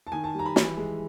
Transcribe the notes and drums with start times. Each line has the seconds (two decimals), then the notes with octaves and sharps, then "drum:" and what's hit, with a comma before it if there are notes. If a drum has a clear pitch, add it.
0.07 A5
0.12 D#3 G#5
0.24 A5
0.35 G3 A#5
0.46 B5
0.56 E3, drum: snare
0.77 G#3